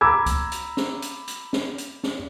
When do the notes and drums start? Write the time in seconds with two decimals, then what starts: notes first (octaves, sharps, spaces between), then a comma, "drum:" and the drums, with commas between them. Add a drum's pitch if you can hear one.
0.01 A#5 B5 D6 E6 G#6
0.26 drum: kick C#2, hi-hat
0.52 drum: hi-hat
0.77 drum: snare
1.02 drum: hi-hat
1.28 drum: hi-hat
1.53 drum: snare
1.78 drum: hi-hat
2.03 drum: snare